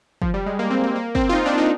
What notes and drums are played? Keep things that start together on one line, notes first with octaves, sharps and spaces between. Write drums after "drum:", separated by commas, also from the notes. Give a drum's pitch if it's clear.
F3, drum: kick
G3
G#3
A#3
C4
A#3
A#3
C4, drum: kick
F4
D#4
D4
D#4